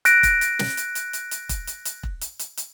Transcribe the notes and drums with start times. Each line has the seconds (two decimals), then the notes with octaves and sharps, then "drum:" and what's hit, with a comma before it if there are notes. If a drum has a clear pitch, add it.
0.05 F#6 A#6 D7, drum: hi-hat
0.23 drum: kick E1, hi-hat
0.41 drum: hi-hat
0.59 drum: snare
0.77 drum: hi-hat
0.95 drum: hi-hat
1.13 drum: hi-hat
1.31 drum: hi-hat
1.49 drum: kick E1, hi-hat
1.67 drum: hi-hat
1.85 drum: hi-hat
2.03 drum: kick E1
2.21 drum: hi-hat
2.39 drum: hi-hat
2.57 drum: hi-hat